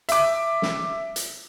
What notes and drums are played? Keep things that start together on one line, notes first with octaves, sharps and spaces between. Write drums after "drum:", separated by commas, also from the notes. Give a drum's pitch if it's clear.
E5 D6, drum: hi-hat
drum: snare
drum: hi-hat